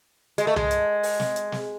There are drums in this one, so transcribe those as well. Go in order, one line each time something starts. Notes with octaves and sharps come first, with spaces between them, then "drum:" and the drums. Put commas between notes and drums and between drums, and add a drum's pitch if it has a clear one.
G#3, drum: hi-hat
A3
G#3, drum: tom C2
drum: hi-hat
drum: open hi-hat
drum: snare
drum: hi-hat
drum: snare